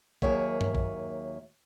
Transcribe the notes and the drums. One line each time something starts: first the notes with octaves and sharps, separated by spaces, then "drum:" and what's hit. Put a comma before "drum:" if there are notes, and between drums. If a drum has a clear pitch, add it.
D#2 F#3 A#3 G#4 C#5 E5, drum: kick A1
drum: tom G2
drum: kick A1